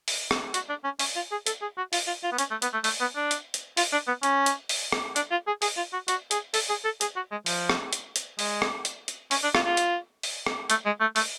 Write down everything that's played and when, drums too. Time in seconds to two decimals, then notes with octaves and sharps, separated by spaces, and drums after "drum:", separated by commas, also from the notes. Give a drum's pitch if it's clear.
0.08 drum: open hi-hat
0.31 drum: rim click
0.54 F#4, drum: hi-hat
0.69 D4
0.84 C#4
0.99 C#4, drum: open hi-hat
1.16 F4
1.31 G#4
1.46 A4, drum: hi-hat
1.62 G#4
1.77 F#4
1.93 F4, drum: open hi-hat
2.07 F4
2.23 F4
2.32 B3
2.38 C#4, drum: hi-hat
2.51 A3
2.62 B3, drum: hi-hat
2.73 A3
2.84 A3, drum: open hi-hat
3.01 B3
3.16 D4
3.31 drum: hi-hat
3.54 drum: hi-hat
3.77 F4, drum: open hi-hat
3.92 D4
4.07 B3
4.23 C#4, drum: hi-hat
4.46 drum: hi-hat
4.69 drum: open hi-hat
4.92 drum: rim click
5.16 D4, drum: hi-hat
5.31 F4
5.47 G#4
5.62 G#4, drum: open hi-hat
5.77 F4
5.93 F#4
6.08 F#4, drum: hi-hat
6.31 G#4, drum: hi-hat
6.54 A4, drum: open hi-hat
6.69 G#4
6.84 A4
7.01 G#4, drum: hi-hat
7.16 F#4
7.31 G#3
7.46 F3, drum: open hi-hat
7.69 drum: rim click
7.93 drum: hi-hat
8.16 drum: hi-hat
8.39 G#3, drum: open hi-hat
8.62 drum: rim click
8.85 drum: hi-hat
9.08 drum: hi-hat
9.31 C#4, drum: open hi-hat
9.43 D4
9.55 F4, drum: rim click
9.65 F4
9.77 drum: hi-hat
10.23 drum: open hi-hat
10.47 drum: rim click
10.70 A3, drum: hi-hat
10.86 G#3
11.01 A3
11.16 A3, drum: open hi-hat